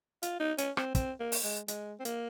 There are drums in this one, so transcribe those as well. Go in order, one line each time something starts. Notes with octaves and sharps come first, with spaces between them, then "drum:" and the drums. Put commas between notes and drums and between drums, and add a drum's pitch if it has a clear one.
F4, drum: hi-hat
D#4
C#4, drum: hi-hat
C4, drum: rim click
C4, drum: kick, hi-hat
A#3
drum: open hi-hat
G#3
G#3, drum: hi-hat
C4
A#3, drum: hi-hat